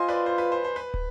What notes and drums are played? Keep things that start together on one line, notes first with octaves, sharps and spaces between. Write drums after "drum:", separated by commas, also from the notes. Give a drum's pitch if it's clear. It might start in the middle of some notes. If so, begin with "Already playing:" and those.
Already playing: F4 C5 D#5 G#5 C6
B4 D5
C5
B4
C5
C5
B4
drum: kick